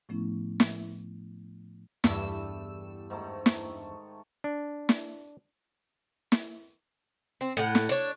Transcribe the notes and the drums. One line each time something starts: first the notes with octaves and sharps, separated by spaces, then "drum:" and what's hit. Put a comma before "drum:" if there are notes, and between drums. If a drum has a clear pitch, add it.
A2 F3 A3 B3 C#4 E4
drum: snare
E2 G2 G3 A3 E6, drum: snare
G#2 D#3 A3
drum: snare
D4
drum: snare
drum: snare
C4
A2 F#5
drum: snare
D4 C#5